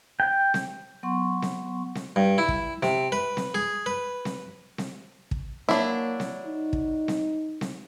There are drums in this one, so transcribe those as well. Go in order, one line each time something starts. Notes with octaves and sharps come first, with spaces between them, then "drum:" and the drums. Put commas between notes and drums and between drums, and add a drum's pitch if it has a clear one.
G5
drum: snare C4
F#3 B3 F#5 C6 C#6
drum: snare C4
drum: snare C4
G2
E4
drum: kick
C3, drum: snare C4
B4
drum: snare C4
G#4
B4
drum: snare C4
drum: snare C4
drum: kick
F#3 A#3 D4 E4, drum: snare C4
drum: snare C4
D#4
drum: kick
drum: snare C4
drum: snare C4